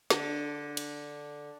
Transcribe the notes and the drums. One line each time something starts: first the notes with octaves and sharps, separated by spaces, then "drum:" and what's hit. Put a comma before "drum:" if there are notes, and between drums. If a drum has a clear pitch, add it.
D3, drum: snare
drum: cymbal